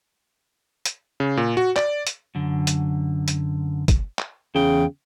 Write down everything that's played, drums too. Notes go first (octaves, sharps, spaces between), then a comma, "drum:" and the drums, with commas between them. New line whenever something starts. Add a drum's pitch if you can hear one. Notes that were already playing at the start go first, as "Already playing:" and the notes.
drum: hi-hat
C#3
A#2
F#4
D5, drum: clap
drum: hi-hat
F#2 D3
drum: hi-hat
drum: hi-hat
drum: kick, hi-hat
drum: clap
E2 C#3 G5